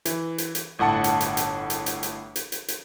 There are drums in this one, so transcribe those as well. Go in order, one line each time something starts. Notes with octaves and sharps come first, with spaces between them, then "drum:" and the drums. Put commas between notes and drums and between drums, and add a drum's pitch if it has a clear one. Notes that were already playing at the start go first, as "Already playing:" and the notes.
E3, drum: hi-hat
drum: hi-hat
drum: hi-hat
G1 A2 F#5 A5 C#7
drum: hi-hat
drum: hi-hat
drum: hi-hat
drum: hi-hat
drum: hi-hat
drum: hi-hat
drum: hi-hat
drum: hi-hat
drum: hi-hat